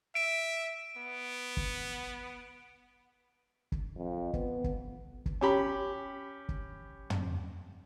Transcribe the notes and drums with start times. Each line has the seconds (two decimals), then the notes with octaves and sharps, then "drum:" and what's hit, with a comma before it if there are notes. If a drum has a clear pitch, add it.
0.15 E5 D7
0.97 B3
1.57 drum: kick
3.72 drum: kick
3.97 F2
4.33 B3, drum: kick
4.64 drum: kick
5.26 drum: kick
5.41 C#4 G4 B5
6.49 drum: kick
7.10 drum: tom